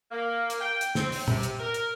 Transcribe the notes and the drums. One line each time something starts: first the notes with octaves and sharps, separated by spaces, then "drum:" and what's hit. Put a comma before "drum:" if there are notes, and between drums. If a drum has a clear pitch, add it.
A#3
drum: hi-hat
G5
drum: hi-hat
C4, drum: snare
drum: open hi-hat
C3, drum: tom
drum: hi-hat
A#4
drum: hi-hat